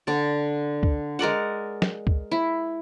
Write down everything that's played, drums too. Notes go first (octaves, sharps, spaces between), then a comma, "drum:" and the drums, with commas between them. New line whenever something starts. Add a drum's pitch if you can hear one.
D3 D5
drum: kick
G#3 A#4 D5 F#5
drum: snare
drum: kick
E4